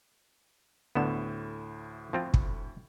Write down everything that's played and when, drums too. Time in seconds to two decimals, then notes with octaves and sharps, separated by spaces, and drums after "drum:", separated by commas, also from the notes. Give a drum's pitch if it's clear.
0.95 D2 A2 D3 B3 E7
2.13 F3 C4 F4
2.34 drum: kick